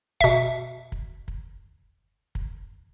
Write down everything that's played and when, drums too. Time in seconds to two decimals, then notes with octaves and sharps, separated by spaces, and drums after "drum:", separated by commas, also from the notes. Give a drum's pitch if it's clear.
0.21 B2 E5, drum: kick
0.92 drum: kick
1.28 drum: kick
2.35 drum: kick